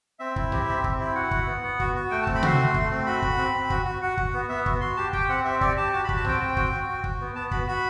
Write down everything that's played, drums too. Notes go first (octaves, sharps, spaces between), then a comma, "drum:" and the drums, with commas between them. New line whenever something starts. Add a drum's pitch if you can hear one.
C4 E5
E4, drum: kick
G4, drum: tom A#1
C4
C4, drum: kick
E4
F#4 F#5
F#4, drum: kick
B3
B3
F#4, drum: kick
F#4
A3 G5
A5
C4, drum: kick
B5
F#4 C6, drum: tom C3
A3
A3, drum: kick
C4
F#4 B5
F#4, drum: kick
C4
C4
F#4, drum: kick
F#4
F#4 F#5
F#4, drum: kick
B3
B3 E5
F#4, drum: kick
F#4 C6
G4 A5
G4 G5, drum: kick
C4 F#5
C4 E5
G4 D5, drum: kick
G4 A5
F#4 A5
B5
F#4, drum: kick
A5
C4 G5, drum: tom A#1
C4
F#4, drum: kick
F#4
F#4
F#4, drum: kick
B3
B3 A5
F#4 B5, drum: kick
F#4 B5